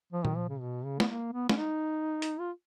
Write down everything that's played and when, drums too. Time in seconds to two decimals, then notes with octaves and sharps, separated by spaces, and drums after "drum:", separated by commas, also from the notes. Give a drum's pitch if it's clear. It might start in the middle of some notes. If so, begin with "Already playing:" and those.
0.13 F3
0.25 D#3, drum: tom A#2
0.37 F3
0.49 C#3
0.60 B2
0.85 C#3
1.00 B3, drum: snare
1.08 A#3
1.32 B3
1.49 C#4, drum: snare
1.57 D#4
2.22 drum: hi-hat
2.40 F4